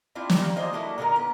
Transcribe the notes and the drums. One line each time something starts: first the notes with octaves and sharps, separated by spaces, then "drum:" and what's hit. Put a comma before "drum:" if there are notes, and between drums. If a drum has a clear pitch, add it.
C4 D4 E4 F4
drum: snare
G3 A#3
A#3 F4 G#4 C5 D#5
F#3 A3 A#3 D4 E4
A#2 D3 D#3 G#3 A#4
B3